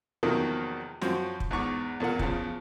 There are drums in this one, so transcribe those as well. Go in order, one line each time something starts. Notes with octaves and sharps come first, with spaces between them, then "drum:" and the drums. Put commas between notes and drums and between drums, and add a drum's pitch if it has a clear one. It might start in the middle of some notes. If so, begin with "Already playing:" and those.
E2 C3 D#3 F3 F#3 A#3
F#2 F3 F#3 C4, drum: snare
drum: kick
E2 G#2 C#6 D6
E2 A#2 A#3 F#5
E2 C#3 F3, drum: kick